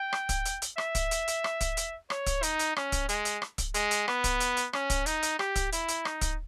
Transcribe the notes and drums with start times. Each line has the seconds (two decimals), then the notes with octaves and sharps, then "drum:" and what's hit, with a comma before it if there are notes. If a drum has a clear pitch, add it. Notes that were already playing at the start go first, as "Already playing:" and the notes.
Already playing: G5
0.13 drum: rim click
0.29 drum: kick, hi-hat
0.45 drum: hi-hat
0.62 drum: hi-hat
0.78 E5, drum: rim click
0.95 drum: kick, hi-hat
1.11 drum: hi-hat
1.28 drum: hi-hat
1.44 drum: rim click
1.61 drum: kick, hi-hat
1.77 drum: hi-hat
2.10 C#5, drum: rim click
2.27 drum: kick, hi-hat
2.43 D#4, drum: hi-hat
2.59 drum: hi-hat
2.76 C#4, drum: rim click
2.92 drum: kick, hi-hat
3.09 G#3, drum: hi-hat
3.25 drum: hi-hat
3.42 drum: rim click
3.58 drum: kick, hi-hat
3.74 G#3, drum: hi-hat
3.91 drum: hi-hat
4.08 B3, drum: rim click
4.24 drum: kick, hi-hat
4.40 drum: hi-hat
4.57 drum: hi-hat
4.73 C#4, drum: rim click
4.90 drum: kick, hi-hat
5.06 D#4, drum: hi-hat
5.23 drum: hi-hat
5.39 G4, drum: rim click
5.56 drum: kick, hi-hat
5.73 E4, drum: hi-hat
5.89 drum: hi-hat
6.05 D#4, drum: rim click
6.21 drum: kick, hi-hat